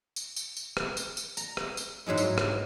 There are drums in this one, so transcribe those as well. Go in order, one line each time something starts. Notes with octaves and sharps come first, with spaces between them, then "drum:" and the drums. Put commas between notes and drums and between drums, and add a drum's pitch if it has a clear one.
drum: tambourine
drum: tambourine
drum: tambourine
drum: rim click
drum: tambourine
drum: tambourine
A#5, drum: tambourine
drum: rim click
drum: tambourine
G#2 F#3 G#3 E4
drum: tambourine
drum: rim click